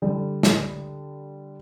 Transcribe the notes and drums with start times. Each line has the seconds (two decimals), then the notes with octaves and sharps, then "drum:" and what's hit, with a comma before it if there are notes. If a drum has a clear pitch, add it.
0.02 D3 G3
0.43 drum: snare